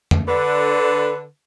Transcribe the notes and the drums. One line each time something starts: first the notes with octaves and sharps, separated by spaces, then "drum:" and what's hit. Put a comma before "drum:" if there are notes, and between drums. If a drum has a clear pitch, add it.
drum: tom
D3 B4